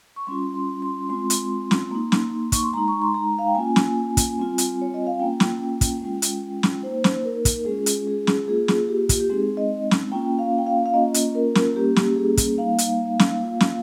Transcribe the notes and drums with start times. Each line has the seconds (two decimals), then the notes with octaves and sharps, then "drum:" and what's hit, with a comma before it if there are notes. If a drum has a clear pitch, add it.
0.16 C#6
0.27 G3 C#4 F4 C6
0.54 C6
0.82 C6
1.09 G#3 C4 F4 C6
1.30 drum: hi-hat
1.71 drum: snare
1.91 A#3 D#4
2.12 drum: snare
2.52 C#6, drum: kick, hi-hat
2.63 C6
2.73 G#3 D#4 A#5
2.88 C#6
3.02 C6
3.14 A#5
3.39 F5
3.47 G5
3.55 A#3 C#4 F4 G#5
3.76 drum: snare
4.17 drum: kick, hi-hat
4.38 G3 C4 F4
4.58 drum: hi-hat
4.81 C#5
4.94 D#5
5.07 F5
5.20 A#3 C#4 F4 G5
5.40 drum: snare
5.81 drum: kick, hi-hat
6.02 G#3 C#4 F4
6.22 drum: hi-hat
6.63 drum: snare
6.83 A#3 D#4 C5
7.04 drum: snare
7.25 A#4
7.45 drum: kick, hi-hat
7.65 G#3 C#4 F4 G#4
7.86 drum: hi-hat
8.07 G#4
8.27 drum: snare
8.48 A#3 F4 G#4
8.68 drum: snare
8.89 G4
9.09 drum: kick, hi-hat
9.20 G4
9.30 G#3 C4 D#4 G#4
9.57 D#5
9.91 drum: snare
10.12 A#3 C#4 F4 G5
10.39 F5
10.58 G5
10.66 F5
10.86 F5
10.94 A#3 C#4 F4 D#5
11.14 drum: hi-hat
11.35 A#4
11.55 drum: snare
11.75 G3 A#3 C#4 G4
11.96 drum: snare
12.10 G4
12.16 G#4
12.37 drum: kick, hi-hat
12.57 G3 A#3 D#4 F5
12.78 drum: hi-hat
13.19 drum: snare
13.41 A#3 F4
13.60 drum: snare